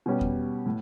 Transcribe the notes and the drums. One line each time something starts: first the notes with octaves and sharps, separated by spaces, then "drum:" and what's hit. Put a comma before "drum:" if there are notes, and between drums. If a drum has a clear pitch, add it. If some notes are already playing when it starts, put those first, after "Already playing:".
B2 G3 C#4 G4
drum: kick E2
A2